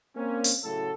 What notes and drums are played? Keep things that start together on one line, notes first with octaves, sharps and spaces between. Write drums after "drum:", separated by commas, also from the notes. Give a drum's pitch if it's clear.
A#3 C4 C#4
drum: open hi-hat
A2 C#3 F#3 F#4 A4